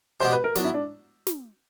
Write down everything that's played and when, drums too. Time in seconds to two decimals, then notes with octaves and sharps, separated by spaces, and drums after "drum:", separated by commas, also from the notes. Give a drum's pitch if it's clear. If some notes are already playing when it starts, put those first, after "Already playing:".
0.20 B2 G#3 B3 D4 G4 C5
0.33 B4
0.44 A#4
0.55 F#3 B3 D4, drum: snare
0.64 E4
0.74 D4
1.27 drum: snare